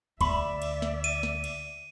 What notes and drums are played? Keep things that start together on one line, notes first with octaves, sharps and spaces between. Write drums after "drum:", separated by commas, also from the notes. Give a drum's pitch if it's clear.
D2 D5 E5 B5, drum: kick C2, cymbal
drum: cymbal
drum: snare
D#7, drum: cymbal
drum: snare
drum: cymbal